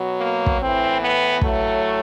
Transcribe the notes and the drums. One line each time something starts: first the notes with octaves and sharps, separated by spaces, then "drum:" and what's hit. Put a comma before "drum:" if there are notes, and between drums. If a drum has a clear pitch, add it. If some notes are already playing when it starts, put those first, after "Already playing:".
Already playing: B2 F#3
A#3
drum: kick
A2 E3 C4
B3
A2 F#3 A3, drum: kick